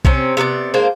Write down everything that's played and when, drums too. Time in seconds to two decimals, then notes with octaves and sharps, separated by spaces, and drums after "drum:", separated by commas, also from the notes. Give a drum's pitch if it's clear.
0.05 C3 C4 C#4, drum: kick B1
0.37 C3 B3 B4 D5
0.74 G#3 A#3 D4 C5